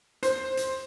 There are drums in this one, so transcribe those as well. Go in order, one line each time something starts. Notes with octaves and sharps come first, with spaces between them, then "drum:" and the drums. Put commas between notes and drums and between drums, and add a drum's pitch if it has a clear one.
C5, drum: hi-hat
drum: hi-hat